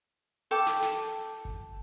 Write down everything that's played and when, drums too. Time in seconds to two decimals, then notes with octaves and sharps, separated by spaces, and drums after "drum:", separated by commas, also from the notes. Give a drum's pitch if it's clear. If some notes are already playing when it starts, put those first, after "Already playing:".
0.51 A4 G5 D6
0.67 drum: snare
0.82 drum: snare
1.45 drum: kick G1